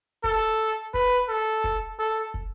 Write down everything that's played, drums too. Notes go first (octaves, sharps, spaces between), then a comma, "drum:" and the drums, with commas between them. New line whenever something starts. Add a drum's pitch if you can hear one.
A4, drum: kick
B4, drum: kick
A4
drum: kick
A4
drum: kick